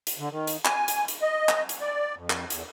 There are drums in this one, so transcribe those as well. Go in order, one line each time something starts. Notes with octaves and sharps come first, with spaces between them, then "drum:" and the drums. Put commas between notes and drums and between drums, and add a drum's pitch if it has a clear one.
drum: hi-hat
D3
D#3
drum: hi-hat
G#5, drum: clap
drum: hi-hat
drum: hi-hat
D#5
drum: clap
drum: hi-hat
D5
F2
drum: clap
E2, drum: hi-hat